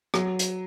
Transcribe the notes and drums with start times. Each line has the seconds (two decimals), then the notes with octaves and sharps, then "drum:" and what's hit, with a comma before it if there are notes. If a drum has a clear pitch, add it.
0.14 F#3, drum: rim click
0.39 drum: hi-hat